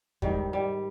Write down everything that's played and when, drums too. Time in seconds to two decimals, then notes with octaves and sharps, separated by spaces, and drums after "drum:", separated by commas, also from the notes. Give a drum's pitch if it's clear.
0.22 G#2 D#3 G3, drum: kick E2
0.53 G3